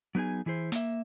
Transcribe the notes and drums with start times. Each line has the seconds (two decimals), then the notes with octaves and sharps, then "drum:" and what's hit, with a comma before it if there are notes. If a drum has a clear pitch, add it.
0.15 F#3 B3 D#4 G#4 G#5
0.46 E3 E4 G#4 C5
0.72 A#3 E5, drum: hi-hat